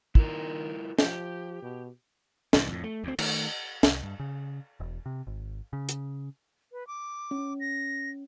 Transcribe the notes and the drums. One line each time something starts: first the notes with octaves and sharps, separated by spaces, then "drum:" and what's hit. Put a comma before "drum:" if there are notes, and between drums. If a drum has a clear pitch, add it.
D#3 E4 F4 A#4, drum: kick
F3 G4, drum: snare
B2
C2 G#2 E3, drum: snare
F2 A2
A3
D2 C4
D#3 A3, drum: cymbal
C2, drum: snare
G2
C#3
E1
C3
G#1
C#3
drum: hi-hat
B4
D6
C#4
A#6